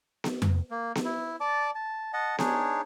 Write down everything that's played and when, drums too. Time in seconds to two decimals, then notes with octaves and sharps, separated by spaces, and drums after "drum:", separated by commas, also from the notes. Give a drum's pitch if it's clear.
0.24 drum: snare B3
0.42 drum: tom F2
0.71 A#3
0.95 drum: snare B3
1.05 E4
1.40 D5 A5 D6
1.75 A5
2.13 D#5 F#5 A5
2.38 D4 D#4 G#4 C#5, drum: snare B3